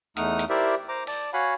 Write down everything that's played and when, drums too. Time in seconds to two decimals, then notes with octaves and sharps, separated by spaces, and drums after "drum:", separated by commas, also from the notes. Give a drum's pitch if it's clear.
0.17 E2 A3 D#4 F#5 D#6 F6, drum: hi-hat
0.39 drum: hi-hat
0.49 E4 G4 A#4 C5 D5 E5
0.88 C5 A#5 D6
1.07 D5 A5, drum: open hi-hat
1.33 F#4 C#5 F5 F#5 G#5 B5